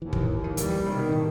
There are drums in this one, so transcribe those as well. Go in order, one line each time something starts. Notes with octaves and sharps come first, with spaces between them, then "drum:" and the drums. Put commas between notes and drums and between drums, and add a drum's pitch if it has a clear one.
D#2 E3
drum: kick
D#2
D#3
E3 G3, drum: hi-hat
D#3
C3 D#3
B2
A2